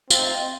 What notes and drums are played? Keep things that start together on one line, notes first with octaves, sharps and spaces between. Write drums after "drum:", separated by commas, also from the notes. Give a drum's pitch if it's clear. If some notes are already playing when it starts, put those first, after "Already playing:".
C4 F4, drum: tambourine
D#4
F4
D#5